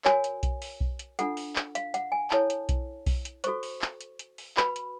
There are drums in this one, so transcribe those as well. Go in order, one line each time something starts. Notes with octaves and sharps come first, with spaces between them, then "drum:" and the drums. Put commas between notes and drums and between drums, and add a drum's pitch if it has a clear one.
F#4 A#4 C#5 G#5, drum: clap
drum: hi-hat
drum: kick B1, hi-hat
drum: open hi-hat
drum: kick B1
drum: hi-hat
D4 F4 A4 F#5, drum: hi-hat
drum: open hi-hat
drum: clap
F5, drum: hi-hat
F#5, drum: hi-hat
G#5
E4 A4 C#5 A5, drum: clap
drum: hi-hat
drum: kick B1, hi-hat
drum: kick B1, open hi-hat
drum: hi-hat
F#4 A4 C5 C#6, drum: hi-hat
drum: open hi-hat
drum: clap
drum: hi-hat
drum: hi-hat
drum: open hi-hat
F#4 B4 B5, drum: clap
drum: hi-hat